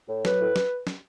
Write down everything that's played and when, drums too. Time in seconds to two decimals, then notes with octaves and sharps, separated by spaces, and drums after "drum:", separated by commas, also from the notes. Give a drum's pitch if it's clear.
0.09 A2
0.25 F#3 B4, drum: snare
0.40 A2
0.56 drum: snare
0.87 drum: snare